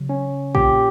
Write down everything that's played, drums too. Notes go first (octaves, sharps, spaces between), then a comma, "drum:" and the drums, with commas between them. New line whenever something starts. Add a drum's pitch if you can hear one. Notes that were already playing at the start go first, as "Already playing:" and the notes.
Already playing: C#3 F#3
C#4
A#2 G4, drum: kick A#1